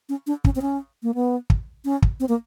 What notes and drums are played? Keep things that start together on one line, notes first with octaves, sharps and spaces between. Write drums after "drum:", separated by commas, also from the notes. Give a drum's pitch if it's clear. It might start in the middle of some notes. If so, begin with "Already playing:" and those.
C#4
D4
C#4, drum: kick
C4
C#4
A#3
B3
drum: kick
C#4
drum: kick
C4
A#3